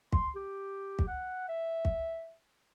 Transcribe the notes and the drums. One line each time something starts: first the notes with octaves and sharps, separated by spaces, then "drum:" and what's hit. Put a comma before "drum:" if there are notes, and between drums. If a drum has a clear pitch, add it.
C6, drum: kick
G4
drum: kick
F#5
E5
drum: kick